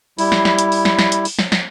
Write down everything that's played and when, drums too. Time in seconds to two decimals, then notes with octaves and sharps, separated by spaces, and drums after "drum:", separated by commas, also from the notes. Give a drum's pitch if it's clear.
0.18 G3 E4, drum: open hi-hat
0.32 drum: snare
0.45 drum: snare
0.59 drum: hi-hat
0.72 drum: open hi-hat
0.85 drum: snare
0.99 drum: snare
1.12 drum: hi-hat
1.25 drum: open hi-hat
1.39 drum: snare
1.52 drum: snare